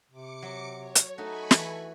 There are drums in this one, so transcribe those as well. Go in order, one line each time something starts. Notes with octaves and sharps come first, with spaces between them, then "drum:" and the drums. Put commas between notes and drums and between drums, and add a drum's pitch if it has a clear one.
C3 D6 C#7
F#3
C#5
drum: hi-hat
A3 D#4 F#4 A4 G#5 B5 C#6
E3, drum: snare